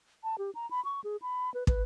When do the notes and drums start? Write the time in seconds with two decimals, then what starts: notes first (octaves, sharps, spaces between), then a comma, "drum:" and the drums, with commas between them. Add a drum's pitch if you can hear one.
0.24 A5
0.38 G4
0.55 A#5
0.71 B5
0.85 C#6
1.04 G#4
1.22 B5
1.54 B4
1.67 B4, drum: kick